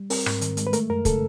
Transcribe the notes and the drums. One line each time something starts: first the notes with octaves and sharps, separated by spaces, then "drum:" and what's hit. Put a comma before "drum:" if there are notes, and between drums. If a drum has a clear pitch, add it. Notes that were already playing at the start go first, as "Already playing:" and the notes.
Already playing: G3
C4 A#4, drum: open hi-hat
G#2, drum: rim click
D#3, drum: hi-hat
G#3, drum: hi-hat
B4
A3 A#4, drum: hi-hat
F#2 A#4
C#3 A4, drum: kick, hi-hat